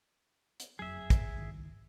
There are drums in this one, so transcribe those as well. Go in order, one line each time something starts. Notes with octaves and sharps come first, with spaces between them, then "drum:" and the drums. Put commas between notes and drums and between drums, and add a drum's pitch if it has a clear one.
drum: hi-hat
F#1 F2 F#3 G#4 E5
drum: kick, hi-hat
C#2 G#2 D#3